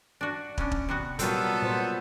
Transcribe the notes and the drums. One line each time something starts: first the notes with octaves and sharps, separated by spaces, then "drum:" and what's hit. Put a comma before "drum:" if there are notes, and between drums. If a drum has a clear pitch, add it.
D4 F#4
B3 C#4 D4, drum: kick
drum: kick
C3 B3 F#4
A#2 F#3 G3 B3 C4 F4 A4 A#4, drum: hi-hat
A#2 C5